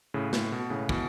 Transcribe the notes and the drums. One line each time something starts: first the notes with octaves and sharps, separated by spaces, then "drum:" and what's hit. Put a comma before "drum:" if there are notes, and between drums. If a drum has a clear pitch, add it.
A2 C#3
A2, drum: snare
B2
A2 C#3
B2 E3, drum: kick